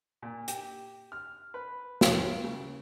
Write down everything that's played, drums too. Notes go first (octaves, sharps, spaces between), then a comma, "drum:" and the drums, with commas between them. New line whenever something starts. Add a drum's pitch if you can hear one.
A#2
G4, drum: hi-hat
F6
B4
G#5, drum: snare
C#3